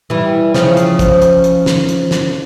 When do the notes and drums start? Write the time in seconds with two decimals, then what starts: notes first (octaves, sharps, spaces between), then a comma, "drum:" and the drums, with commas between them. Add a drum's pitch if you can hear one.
0.10 E3 G3
0.54 C#3 F3, drum: snare
0.77 drum: hi-hat
0.99 drum: kick, hi-hat
1.22 drum: hi-hat
1.44 drum: hi-hat
1.66 drum: snare
1.89 drum: hi-hat
2.11 drum: snare